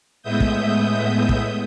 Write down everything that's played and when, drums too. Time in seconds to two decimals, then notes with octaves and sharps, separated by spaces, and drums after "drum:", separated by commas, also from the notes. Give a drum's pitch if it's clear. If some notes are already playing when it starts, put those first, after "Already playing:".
0.23 A2 G#3 B3 E5 D#6 G6
0.40 drum: kick
1.29 drum: kick